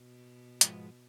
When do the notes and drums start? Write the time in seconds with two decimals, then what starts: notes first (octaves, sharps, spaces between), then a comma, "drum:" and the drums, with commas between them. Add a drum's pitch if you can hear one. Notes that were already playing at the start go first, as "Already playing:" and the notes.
Already playing: B2
0.61 G#2 F3 G#3 B3, drum: hi-hat